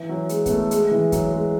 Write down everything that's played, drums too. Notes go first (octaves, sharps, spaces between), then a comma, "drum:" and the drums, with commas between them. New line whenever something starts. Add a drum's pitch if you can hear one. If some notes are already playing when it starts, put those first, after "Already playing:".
Already playing: E3
F#3
G#3, drum: hi-hat
B3, drum: kick, hi-hat
A3
G#3, drum: hi-hat
E3
F#3, drum: kick, hi-hat
G#3